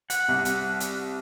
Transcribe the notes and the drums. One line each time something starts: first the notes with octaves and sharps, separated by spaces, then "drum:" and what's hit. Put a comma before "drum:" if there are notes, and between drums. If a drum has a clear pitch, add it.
F#5, drum: hi-hat
C2
drum: hi-hat
drum: hi-hat